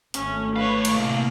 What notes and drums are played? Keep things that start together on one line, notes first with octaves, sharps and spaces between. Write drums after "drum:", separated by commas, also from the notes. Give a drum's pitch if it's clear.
G#1 A3 C#4, drum: hi-hat
A2 B4 C#5 F5
drum: cymbal
C3 A#3